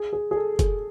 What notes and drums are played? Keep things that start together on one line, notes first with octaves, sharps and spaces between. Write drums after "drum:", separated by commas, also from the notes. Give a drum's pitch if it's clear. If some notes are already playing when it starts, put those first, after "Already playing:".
Already playing: G#4
G#4
G#4
A4
G#4, drum: kick, hi-hat